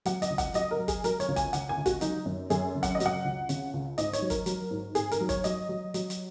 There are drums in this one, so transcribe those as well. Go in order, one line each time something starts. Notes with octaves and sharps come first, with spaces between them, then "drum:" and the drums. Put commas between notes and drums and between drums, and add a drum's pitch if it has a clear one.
F#3 F#5, drum: hi-hat
D#5, drum: hi-hat
C#2
F#5, drum: kick F#1, hi-hat
F#3 D#5, drum: hi-hat
A#4
F#3
G#4, drum: kick F#1, hi-hat
F#3 A#4, drum: hi-hat
C#5, drum: hi-hat
C#2
G#5, drum: kick F#1, hi-hat
C#2 F#5, drum: hi-hat
G#5
C#2
F#4, drum: kick F#1, hi-hat
F#3 D#4, drum: hi-hat
F#2
F#2 G#4, drum: hi-hat
C#3
F#5, drum: kick F#1, hi-hat
D#5
F#3, drum: hi-hat
F#5
C#2
C#3, drum: hi-hat
C#2
G#2 D#5, drum: hi-hat
C#5, drum: hi-hat
F#3
A#4, drum: kick F#1, hi-hat
F#3, drum: hi-hat
G#2
G#2 G#4, drum: hi-hat
A#4, drum: hi-hat
F#3
C#5, drum: kick F#1, hi-hat
F#3 D#5, drum: hi-hat
F#3
F#3, drum: hi-hat
drum: hi-hat